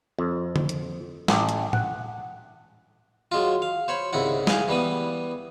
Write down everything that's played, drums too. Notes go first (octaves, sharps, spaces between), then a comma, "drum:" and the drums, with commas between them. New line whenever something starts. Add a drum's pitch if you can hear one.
F2
drum: tom D3
drum: hi-hat
A1, drum: snare
drum: hi-hat
F#5, drum: tom A2
F#3 G#3 F4
F5
C5 C#5 B5
C2 G#2 C#3 E4 F#5
G#4 F5 G#5, drum: snare
E3 G3 B3 B5 D#6